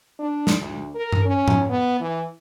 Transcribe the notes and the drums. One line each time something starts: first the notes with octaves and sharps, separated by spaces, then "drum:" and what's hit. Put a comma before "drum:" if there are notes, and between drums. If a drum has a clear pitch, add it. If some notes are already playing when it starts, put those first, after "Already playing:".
D4
drum: snare
D2
A#4
drum: tom G2
C#4
drum: tom G#2
B3
E3